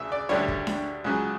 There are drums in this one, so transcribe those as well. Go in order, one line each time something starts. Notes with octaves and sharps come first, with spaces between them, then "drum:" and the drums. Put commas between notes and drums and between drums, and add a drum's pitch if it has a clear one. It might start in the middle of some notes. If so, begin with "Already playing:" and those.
Already playing: D2 C#3 E5
D5
D2 D3 G3 C#5
drum: kick
drum: snare D4
C#2 C#3 F#3